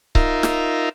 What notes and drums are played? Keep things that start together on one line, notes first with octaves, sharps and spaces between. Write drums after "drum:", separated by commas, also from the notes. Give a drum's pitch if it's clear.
D#4 F4 A#4 E5, drum: kick C#1
drum: snare